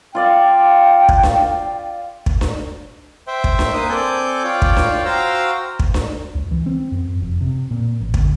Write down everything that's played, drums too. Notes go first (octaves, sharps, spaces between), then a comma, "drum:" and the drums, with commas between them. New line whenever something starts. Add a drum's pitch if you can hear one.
F4 D5 F5 G5
drum: kick
drum: snare D4
drum: kick
drum: snare D4
C5 E5 G5
drum: kick
drum: snare D4
A#3 B4 C5 D#6
C4 A4 D5 G#5 G6
F4 C#5 D5 G5
drum: kick
drum: snare D4
F#4 C5 F5 G5 A#5 E6
drum: kick
drum: snare D4
C#2
E3
C4
F#2
F1
C3
A#2
A1
D2, drum: kick